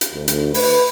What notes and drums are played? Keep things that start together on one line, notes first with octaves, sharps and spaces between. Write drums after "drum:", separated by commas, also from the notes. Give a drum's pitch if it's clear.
drum: hi-hat
D2
drum: hi-hat
B4, drum: open hi-hat